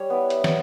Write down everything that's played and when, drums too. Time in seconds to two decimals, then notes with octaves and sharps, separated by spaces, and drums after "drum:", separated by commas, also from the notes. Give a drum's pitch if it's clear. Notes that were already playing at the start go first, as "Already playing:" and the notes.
Already playing: G3 C#5
0.10 B3 E4
0.30 drum: hi-hat
0.44 drum: snare